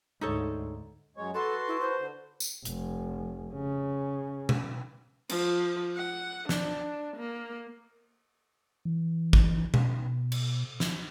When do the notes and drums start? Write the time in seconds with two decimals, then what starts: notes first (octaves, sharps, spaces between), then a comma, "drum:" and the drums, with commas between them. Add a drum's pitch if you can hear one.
0.21 D2 G#2 D#4 A4 C#5
1.17 F#2 G#3 C#5
1.34 F#4 A4 B4 A5 C6
1.68 E4
1.81 C5
1.99 D3
2.40 drum: tambourine
2.65 F1, drum: hi-hat
3.53 C#3
4.49 drum: tom B2
5.29 F3, drum: cymbal
5.96 F#5
6.49 D4, drum: snare
7.17 A#3
8.85 E3
9.33 drum: kick G#1
9.74 B2, drum: tom B2
10.32 drum: cymbal
10.80 drum: snare